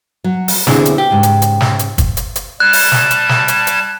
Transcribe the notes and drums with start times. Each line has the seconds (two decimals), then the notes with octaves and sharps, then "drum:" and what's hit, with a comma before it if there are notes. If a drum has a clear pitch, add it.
0.24 F#3
0.48 drum: open hi-hat
0.67 E2 D3 E3 C4 E4 G#4, drum: snare
0.86 drum: hi-hat
0.98 G4
1.11 G#2 C#3
1.23 drum: hi-hat
1.42 drum: hi-hat
1.61 drum: snare
1.79 drum: hi-hat
1.98 drum: kick, hi-hat
2.17 drum: hi-hat
2.36 drum: hi-hat
2.60 G3 A5 F#6 G#6
2.73 drum: open hi-hat
2.92 drum: snare
3.11 drum: hi-hat
3.29 drum: snare
3.48 drum: hi-hat
3.67 drum: hi-hat